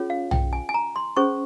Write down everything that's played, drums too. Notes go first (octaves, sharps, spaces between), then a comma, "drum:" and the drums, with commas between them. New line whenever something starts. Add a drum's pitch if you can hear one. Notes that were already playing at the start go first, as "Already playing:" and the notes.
Already playing: C#4 F4 G#4 C#5
F5
G5, drum: tom B1
G#5
G#5
A#5
C6
C#4 G#4 C5 C#6